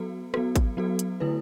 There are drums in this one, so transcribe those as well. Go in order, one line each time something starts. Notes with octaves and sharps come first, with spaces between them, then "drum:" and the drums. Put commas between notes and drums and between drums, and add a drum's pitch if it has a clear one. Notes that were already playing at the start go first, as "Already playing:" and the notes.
Already playing: F#3 B3 F#4 A4
F#3 B3 F#4 A4, drum: rim click
drum: kick, hi-hat
F#3 B3 F#4 A4
drum: hi-hat
D3 A3 E4 B4